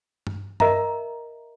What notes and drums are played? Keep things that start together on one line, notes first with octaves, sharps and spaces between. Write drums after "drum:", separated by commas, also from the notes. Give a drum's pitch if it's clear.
drum: tom G2
A#4 D#5 E5 A#5, drum: tom G2